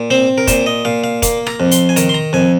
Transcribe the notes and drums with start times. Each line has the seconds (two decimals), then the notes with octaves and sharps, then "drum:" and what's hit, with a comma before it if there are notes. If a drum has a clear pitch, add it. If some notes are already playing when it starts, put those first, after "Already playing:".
Already playing: A#2
0.10 C4 C5
0.38 A#4
0.47 A#2 C5, drum: kick, hi-hat
0.66 D#5
0.85 A#2 F5
1.04 F5
1.22 A#3 F5, drum: kick, hi-hat
1.47 A#5, drum: rim click
1.60 F2
1.71 C6, drum: hi-hat
1.89 G#5
1.96 D#3 A#5, drum: hi-hat
2.09 C6
2.14 A#5
2.33 F2 G#5